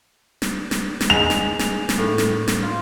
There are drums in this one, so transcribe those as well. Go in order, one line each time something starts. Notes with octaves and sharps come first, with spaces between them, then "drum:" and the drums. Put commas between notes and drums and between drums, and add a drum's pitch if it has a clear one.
drum: snare
drum: snare
drum: snare
G#3 F7
drum: snare
drum: snare
drum: snare
A2
drum: snare
drum: snare
F4